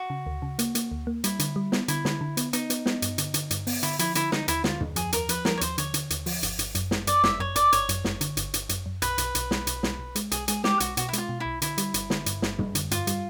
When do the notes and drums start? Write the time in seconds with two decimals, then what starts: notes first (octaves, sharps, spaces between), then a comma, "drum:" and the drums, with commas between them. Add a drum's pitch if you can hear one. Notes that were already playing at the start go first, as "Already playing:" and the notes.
Already playing: F#4
0.10 C#3
0.26 D2
0.42 C#3
0.59 A#3, drum: hi-hat
0.75 A#3, drum: hi-hat
0.91 D2
1.07 A#3
1.24 G3 E4, drum: hi-hat
1.39 D3, drum: hi-hat
1.56 G3
1.72 B3, drum: snare
1.88 D3 E4, drum: hi-hat
2.05 D3, drum: snare
2.21 D3
2.37 B3, drum: hi-hat
2.53 B3 D#4, drum: hi-hat
2.70 B3, drum: hi-hat
2.86 B3, drum: snare
3.02 G2, drum: hi-hat
3.18 D3, drum: hi-hat
3.34 D3, drum: hi-hat
3.51 G2, drum: hi-hat
3.67 B3, drum: open hi-hat
3.83 D3 E4, drum: hi-hat
3.99 F3 E4, drum: hi-hat
4.15 D3 E4, drum: hi-hat
4.32 D3 D#4, drum: snare
4.48 D#2 E4, drum: hi-hat
4.64 D3 F4, drum: snare
4.81 D#2, drum: tom
4.96 F3 G#4, drum: hi-hat
5.13 D#2 A#4, drum: hi-hat
5.29 F3 B4, drum: hi-hat
5.45 F3 A#4, drum: snare
5.57 C#5
5.61 D#2 C5, drum: hi-hat
5.78 D3 C#5, drum: hi-hat
5.94 D3, drum: hi-hat
6.10 D#2, drum: hi-hat
6.26 F3, drum: open hi-hat
6.43 G1, drum: hi-hat
6.59 G1, drum: hi-hat
6.75 F#2, drum: hi-hat
6.91 G1, drum: snare
7.07 F#2 D5, drum: hi-hat
7.24 G1 E5, drum: snare
7.40 F#2 C#5
7.56 G1 D5, drum: hi-hat
7.73 G1 C#5, drum: hi-hat
7.89 F#2, drum: hi-hat
8.05 G1, drum: snare
8.21 D3, drum: hi-hat
8.37 G1, drum: hi-hat
8.54 G1, drum: hi-hat
8.69 F#2, drum: hi-hat
8.86 F#2
9.02 B1 B4, drum: hi-hat
9.18 B1, drum: hi-hat
9.35 B1, drum: hi-hat
9.51 B1, drum: snare
9.67 B1, drum: hi-hat
9.83 B1, drum: snare
9.99 B1
10.15 G#3, drum: hi-hat
10.31 B1 G#4, drum: hi-hat
10.48 G#3 G#4, drum: hi-hat
10.64 G#3 G4, drum: snare
10.80 B1 F#4, drum: hi-hat
10.97 B2 F#4, drum: hi-hat
11.09 E4
11.13 G#3 F4, drum: hi-hat
11.29 B2
11.40 B1 E4
11.62 D3 E4, drum: hi-hat
11.78 G3, drum: hi-hat
11.94 G1, drum: hi-hat
12.10 D3, drum: snare
12.26 G2, drum: hi-hat
12.42 G1, drum: snare
12.59 G3, drum: tom
12.75 D3, drum: hi-hat
12.91 G2 F4, drum: hi-hat
13.07 G3, drum: hi-hat